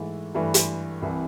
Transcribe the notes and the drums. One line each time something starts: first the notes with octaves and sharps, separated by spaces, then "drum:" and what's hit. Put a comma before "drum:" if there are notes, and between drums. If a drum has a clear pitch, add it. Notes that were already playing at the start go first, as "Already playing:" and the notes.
Already playing: G#2 E3 A3
G2 E3 A3
drum: hi-hat
C2 C3 E3